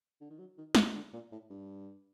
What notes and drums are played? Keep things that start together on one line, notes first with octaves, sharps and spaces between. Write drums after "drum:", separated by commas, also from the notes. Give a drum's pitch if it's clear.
D3
D#3
F#3
D#3
drum: snare
D3
A#2
A2
G2